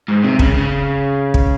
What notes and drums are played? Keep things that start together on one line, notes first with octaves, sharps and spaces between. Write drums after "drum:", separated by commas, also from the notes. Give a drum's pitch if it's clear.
G#2
C3
C#3, drum: kick
C#3
drum: kick